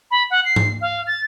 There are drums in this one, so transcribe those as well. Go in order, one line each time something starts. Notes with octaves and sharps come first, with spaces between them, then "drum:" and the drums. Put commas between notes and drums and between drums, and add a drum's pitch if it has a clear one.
B5
F#5
C7
drum: tom G#2
F5
A6